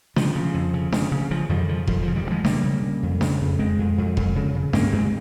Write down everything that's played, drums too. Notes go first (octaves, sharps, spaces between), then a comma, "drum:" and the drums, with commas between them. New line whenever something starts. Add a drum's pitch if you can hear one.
C#3 F3, drum: snare D4
C#3
F2
C#3
C#3, drum: snare D4
C#3
C#3 F3
F2 D#3 G3
C#3 F3
F2 F3, drum: kick F1
C#3 F3
D#3 G3
C#3
F3 G#3
C#3 G3 A#3, drum: snare D4
C#3
C#3
F2
C#3, drum: snare D4
F2
F2 G#3 C4
F2
F2
F2, drum: kick F1
C#3
C#3
G2 A#3 C#4, drum: snare D4
G2 G#3 C4